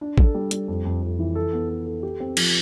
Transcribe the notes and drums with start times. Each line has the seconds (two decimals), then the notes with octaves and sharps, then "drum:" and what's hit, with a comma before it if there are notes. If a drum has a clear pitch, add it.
0.01 D4
0.18 A4, drum: kick
0.34 G3
0.51 G3, drum: hi-hat
0.68 F2
0.85 F2
1.02 F2
1.19 E3
1.35 A4
1.53 B3
1.69 A4
1.86 A4
2.03 G4
2.20 C4
2.37 F3, drum: cymbal